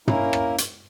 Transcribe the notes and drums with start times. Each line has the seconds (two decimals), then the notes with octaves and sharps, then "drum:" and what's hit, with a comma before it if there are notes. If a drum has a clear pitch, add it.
0.08 A#3 C#4 E4 A#4, drum: tom
0.33 drum: rim click
0.58 drum: hi-hat